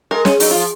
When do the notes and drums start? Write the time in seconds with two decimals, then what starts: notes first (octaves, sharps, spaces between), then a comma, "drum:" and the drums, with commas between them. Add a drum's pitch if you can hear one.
0.11 G#3 A#4
0.25 C#4, drum: snare
0.40 F#3 D#4, drum: open hi-hat
0.51 F3 F4